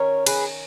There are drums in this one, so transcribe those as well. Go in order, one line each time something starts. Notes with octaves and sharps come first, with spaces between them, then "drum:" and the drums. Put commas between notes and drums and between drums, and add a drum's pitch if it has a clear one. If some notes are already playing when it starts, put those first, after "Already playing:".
Already playing: D#3 C#4 A#4 C#5
G#4 B4, drum: cymbal